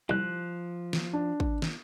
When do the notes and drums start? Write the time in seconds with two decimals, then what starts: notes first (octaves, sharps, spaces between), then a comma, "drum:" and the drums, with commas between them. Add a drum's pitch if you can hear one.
0.09 C2 F3 F#6
0.93 drum: snare
1.13 D4
1.40 drum: kick
1.62 drum: snare